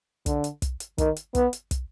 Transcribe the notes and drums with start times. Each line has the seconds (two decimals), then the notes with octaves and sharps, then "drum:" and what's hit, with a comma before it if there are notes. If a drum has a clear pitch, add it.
0.26 D3, drum: kick, hi-hat
0.44 drum: hi-hat
0.62 drum: kick, hi-hat
0.80 drum: hi-hat
0.98 D#3, drum: kick, hi-hat
1.16 drum: hi-hat
1.35 B3, drum: kick, hi-hat
1.53 drum: hi-hat
1.71 drum: kick, hi-hat